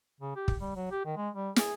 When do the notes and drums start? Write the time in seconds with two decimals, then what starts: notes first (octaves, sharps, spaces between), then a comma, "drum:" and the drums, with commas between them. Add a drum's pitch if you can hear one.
0.21 C#3
0.36 G4
0.48 drum: kick
0.60 G3
0.76 F#3
0.91 G4
1.05 D#3
1.17 G#3
1.35 G3
1.56 G#4, drum: snare